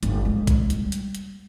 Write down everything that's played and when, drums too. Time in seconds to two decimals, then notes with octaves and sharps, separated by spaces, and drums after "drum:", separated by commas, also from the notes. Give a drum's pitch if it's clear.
0.03 G1, drum: hi-hat
0.25 G#3
0.47 drum: kick, hi-hat
0.70 G3, drum: hi-hat
0.92 drum: hi-hat
1.15 drum: hi-hat